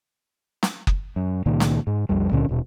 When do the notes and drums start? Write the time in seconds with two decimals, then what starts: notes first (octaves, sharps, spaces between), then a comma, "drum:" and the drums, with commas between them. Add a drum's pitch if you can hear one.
0.63 drum: snare
0.87 drum: kick F#1
1.16 F#2
1.46 C#2 A#2 D#3
1.60 drum: snare
1.87 G#2
2.09 B1 F2 G3
2.32 C#2 A#2 D3 C#4
2.49 D#1 B2